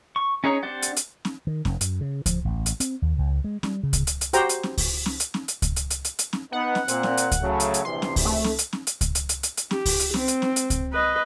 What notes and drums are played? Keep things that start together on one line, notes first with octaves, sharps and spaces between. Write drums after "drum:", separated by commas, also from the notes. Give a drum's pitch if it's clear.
C#6
C#4 D#4 G#4 C#5 A#5
C4 D4 G4 D5 F#5
drum: hi-hat
drum: hi-hat
drum: snare
D#3
F1, drum: snare
F#2, drum: hi-hat
C#3
F3, drum: kick C#2, hi-hat
A1
drum: hi-hat
C4, drum: hi-hat
D#2
C#2
G#3
G3, drum: snare
C#3
drum: kick C#2, hi-hat
drum: hi-hat
drum: hi-hat
F#4 G4 C5 G5 A#5, drum: hi-hat
drum: hi-hat
drum: snare
drum: kick C#2, open hi-hat
drum: snare
drum: hi-hat
drum: snare
drum: hi-hat
drum: kick C#2, hi-hat
drum: hi-hat
drum: hi-hat
drum: hi-hat
drum: hi-hat
drum: snare
B3 D#4 F#5
drum: snare
A#2 C4, drum: hi-hat
drum: snare
drum: hi-hat
drum: kick C#2, hi-hat
C#3 F#3 A3
drum: hi-hat
drum: hi-hat
A#1 C3 E3 C6
drum: snare
drum: kick C#2, open hi-hat
A3
drum: snare
drum: hi-hat
drum: snare
drum: hi-hat
drum: kick C#2, hi-hat
drum: hi-hat
drum: hi-hat
drum: hi-hat
drum: hi-hat
G4, drum: snare
drum: kick C#2, open hi-hat
drum: hi-hat
C4, drum: snare
drum: hi-hat
drum: snare
drum: hi-hat
drum: kick C#2, hi-hat
B4 D#5